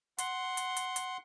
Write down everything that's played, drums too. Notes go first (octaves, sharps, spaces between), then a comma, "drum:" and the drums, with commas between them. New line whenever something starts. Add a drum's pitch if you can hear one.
F#5 C6, drum: hi-hat
drum: hi-hat
drum: hi-hat
drum: hi-hat